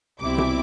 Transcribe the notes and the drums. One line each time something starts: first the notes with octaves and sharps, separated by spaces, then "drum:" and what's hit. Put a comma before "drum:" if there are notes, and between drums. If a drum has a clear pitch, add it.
C2 B2 G3 C4 E4 D6
drum: tom B2